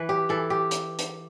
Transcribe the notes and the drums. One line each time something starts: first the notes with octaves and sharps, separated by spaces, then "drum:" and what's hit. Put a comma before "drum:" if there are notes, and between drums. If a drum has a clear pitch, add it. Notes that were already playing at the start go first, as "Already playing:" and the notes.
Already playing: E3 B4
G4
E3 A4
G4
drum: hi-hat
drum: hi-hat